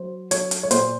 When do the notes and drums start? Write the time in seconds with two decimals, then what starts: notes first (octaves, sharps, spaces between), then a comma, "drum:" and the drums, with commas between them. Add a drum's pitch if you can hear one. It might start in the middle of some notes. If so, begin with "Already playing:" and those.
Already playing: F#3 C5
0.31 F#3 C#5, drum: hi-hat
0.51 drum: hi-hat
0.63 C#5
0.71 A#2 C5, drum: hi-hat